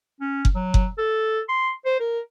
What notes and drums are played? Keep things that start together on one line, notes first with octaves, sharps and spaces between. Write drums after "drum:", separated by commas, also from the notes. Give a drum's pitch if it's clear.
C#4
drum: kick F#1
F#3
drum: kick F#1
A4
C6
C5
A#4